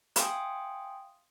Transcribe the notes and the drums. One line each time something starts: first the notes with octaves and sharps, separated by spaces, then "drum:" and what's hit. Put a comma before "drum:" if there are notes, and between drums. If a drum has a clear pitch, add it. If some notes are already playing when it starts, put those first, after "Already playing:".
E5 F5 G5 G#5 C6 D#6, drum: hi-hat